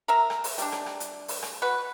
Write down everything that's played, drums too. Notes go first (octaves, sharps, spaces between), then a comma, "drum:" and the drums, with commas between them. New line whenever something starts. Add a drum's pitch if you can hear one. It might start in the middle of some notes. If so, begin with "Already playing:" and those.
A#4 E5 A#5
drum: rim click
drum: open hi-hat
G3 D4, drum: hi-hat
drum: rim click
drum: rim click
drum: hi-hat
drum: open hi-hat
drum: rim click
F#4 B4